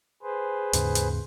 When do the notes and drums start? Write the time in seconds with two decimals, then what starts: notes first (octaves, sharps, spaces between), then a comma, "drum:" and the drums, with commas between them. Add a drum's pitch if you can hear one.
0.23 G#4 B4 C5
0.73 D#2 G#2 C#3, drum: hi-hat
0.95 drum: hi-hat